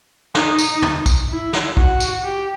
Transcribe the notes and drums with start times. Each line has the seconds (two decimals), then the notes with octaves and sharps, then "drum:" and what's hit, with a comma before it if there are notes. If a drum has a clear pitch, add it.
0.35 D#4, drum: snare
0.59 drum: tambourine
0.82 drum: tom
1.06 drum: kick, tambourine
1.30 E4
1.53 drum: snare
1.77 F#4, drum: kick
2.00 drum: tambourine
2.24 G4